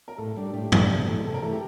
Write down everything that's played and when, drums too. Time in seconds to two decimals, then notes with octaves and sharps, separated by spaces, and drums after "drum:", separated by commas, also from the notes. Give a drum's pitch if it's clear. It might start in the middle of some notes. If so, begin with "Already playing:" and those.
0.08 A#4
0.18 A2 A4
0.37 G3 D4
0.53 A2 G4
0.72 G3 D4, drum: tom
0.90 C3
1.07 E3 A3
1.25 C3 A4
1.34 A#4
1.42 E3 A3 A4
1.52 G4